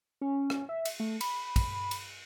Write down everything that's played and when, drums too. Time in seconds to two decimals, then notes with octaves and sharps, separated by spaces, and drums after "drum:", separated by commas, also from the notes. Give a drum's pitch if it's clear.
0.21 C#4
0.50 drum: rim click
0.69 E5
0.85 drum: cymbal
1.00 A3
1.21 B5, drum: cymbal
1.56 drum: kick, cymbal
1.91 drum: cymbal